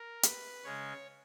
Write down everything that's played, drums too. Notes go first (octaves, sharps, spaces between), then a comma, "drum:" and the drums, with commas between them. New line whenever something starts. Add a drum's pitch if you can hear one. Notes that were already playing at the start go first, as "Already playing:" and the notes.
Already playing: A#4
B4, drum: hi-hat
C#3 G#3 C#4 C#5